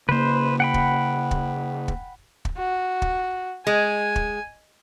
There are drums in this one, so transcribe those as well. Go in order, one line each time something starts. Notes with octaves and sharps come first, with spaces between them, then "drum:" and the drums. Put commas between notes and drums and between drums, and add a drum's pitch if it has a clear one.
C#3 A#3 B4 C5
F#5 G5 B5
drum: kick
drum: kick
drum: kick
drum: kick
F#4
drum: kick
G#3 G#5
drum: kick